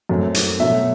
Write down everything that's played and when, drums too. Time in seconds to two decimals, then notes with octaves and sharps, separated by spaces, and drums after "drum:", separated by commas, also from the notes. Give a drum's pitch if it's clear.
0.09 F#2 F#3 A3 C4
0.34 drum: hi-hat
0.60 B2 F#3 A3 E5